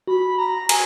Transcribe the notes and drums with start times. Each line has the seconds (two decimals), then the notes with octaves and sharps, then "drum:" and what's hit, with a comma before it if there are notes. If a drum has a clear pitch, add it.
0.08 F#4 B5
0.38 A#5
0.69 G#5, drum: cymbal